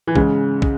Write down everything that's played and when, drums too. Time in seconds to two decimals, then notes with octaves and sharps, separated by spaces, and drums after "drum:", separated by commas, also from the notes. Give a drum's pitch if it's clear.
0.07 E3
0.16 G#2 C#3, drum: kick
0.62 G#3, drum: kick